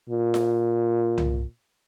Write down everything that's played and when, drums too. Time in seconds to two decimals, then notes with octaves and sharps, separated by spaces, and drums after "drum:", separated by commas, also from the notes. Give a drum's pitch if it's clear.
0.10 A#2
0.34 drum: snare F4
1.18 drum: tom C2